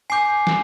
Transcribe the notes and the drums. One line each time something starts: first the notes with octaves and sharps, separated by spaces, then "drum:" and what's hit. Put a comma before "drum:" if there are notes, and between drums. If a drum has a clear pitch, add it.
G#5 D6 G6 C7
drum: snare